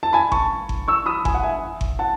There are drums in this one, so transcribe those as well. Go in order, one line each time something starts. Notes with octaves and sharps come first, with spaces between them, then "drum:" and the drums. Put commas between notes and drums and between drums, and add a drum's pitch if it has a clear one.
A5
G#5 B5
A5 C#6, drum: kick G1
drum: kick G1
C#6 E6
B5 D#6
G#5, drum: kick G1
F#5
E5 G#5
drum: kick G1
F#5 A5